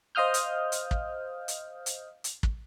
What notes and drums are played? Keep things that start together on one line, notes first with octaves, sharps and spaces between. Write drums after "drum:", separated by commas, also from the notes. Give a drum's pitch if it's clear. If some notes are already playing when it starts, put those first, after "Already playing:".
C5 D#5 F5 D#6 F6 G6
drum: hi-hat
drum: hi-hat
drum: kick
drum: hi-hat
drum: hi-hat
drum: hi-hat
drum: kick